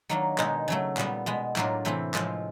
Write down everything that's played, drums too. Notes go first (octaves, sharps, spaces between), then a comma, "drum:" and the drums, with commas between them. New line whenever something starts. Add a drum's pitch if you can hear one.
D#3 F#3 A#3 D4
B2 G#3 B3 D#4, drum: clap
C#3 F#3 A3
A#2 G3 B3, drum: clap
B2 G#3 B3
A2 F#3 A#3 D4 F4, drum: clap
C3 E3 A3 C4 E4
A2 F3 G#3 C4 F4, drum: clap